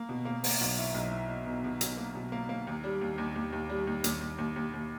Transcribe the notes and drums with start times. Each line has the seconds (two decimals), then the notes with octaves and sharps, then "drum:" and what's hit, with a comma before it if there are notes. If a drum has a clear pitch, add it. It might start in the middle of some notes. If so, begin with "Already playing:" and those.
Already playing: A#3
0.09 B2
0.25 A#3
0.44 A#3, drum: open hi-hat
0.60 B1
0.78 E4
0.94 B1
1.11 E4
1.29 E4
1.46 B2
1.64 B2
1.81 B2, drum: hi-hat
1.97 A#3
2.15 B2
2.32 A#3
2.49 A#3
2.67 D#2
2.84 G3
3.01 D#2
3.18 D#2
3.36 D#2
3.52 D#2
3.70 G3
3.87 D#2
4.04 D#2, drum: hi-hat
4.21 D#2
4.38 D#2
4.56 D#2
4.73 D#2